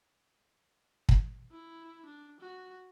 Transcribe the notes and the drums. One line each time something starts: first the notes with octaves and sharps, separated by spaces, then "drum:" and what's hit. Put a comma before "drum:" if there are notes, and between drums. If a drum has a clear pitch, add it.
drum: kick
E4
D4
F#4